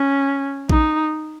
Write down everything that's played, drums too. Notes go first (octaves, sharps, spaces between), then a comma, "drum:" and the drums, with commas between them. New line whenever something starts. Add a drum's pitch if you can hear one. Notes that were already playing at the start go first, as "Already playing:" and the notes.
Already playing: C#4
D#4, drum: kick A#1